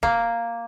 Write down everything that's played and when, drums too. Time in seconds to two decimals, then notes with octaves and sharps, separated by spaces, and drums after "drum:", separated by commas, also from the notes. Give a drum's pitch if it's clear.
0.03 A#3, drum: snare